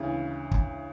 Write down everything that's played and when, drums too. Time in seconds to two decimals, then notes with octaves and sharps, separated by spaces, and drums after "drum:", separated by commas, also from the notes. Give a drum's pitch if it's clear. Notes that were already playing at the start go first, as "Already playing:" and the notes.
Already playing: D2 C#3 E3
0.51 drum: kick